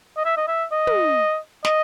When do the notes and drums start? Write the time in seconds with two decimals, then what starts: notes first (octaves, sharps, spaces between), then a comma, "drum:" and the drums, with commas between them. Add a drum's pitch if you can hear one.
0.17 D#5
0.25 E5
0.37 D#5
0.48 E5
0.72 D#5
0.87 drum: tom
1.65 D#5, drum: snare